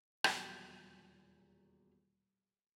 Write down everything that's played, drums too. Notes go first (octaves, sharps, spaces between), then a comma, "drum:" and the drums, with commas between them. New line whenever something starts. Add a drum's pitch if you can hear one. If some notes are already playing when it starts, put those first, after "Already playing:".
D#1 E2 B2 F#3 G4, drum: rim click